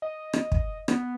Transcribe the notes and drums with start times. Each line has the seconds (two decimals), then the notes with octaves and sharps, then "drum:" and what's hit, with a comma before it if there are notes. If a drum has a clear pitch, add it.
0.02 D#5
0.33 drum: rim click
0.52 drum: kick
0.88 B3, drum: rim click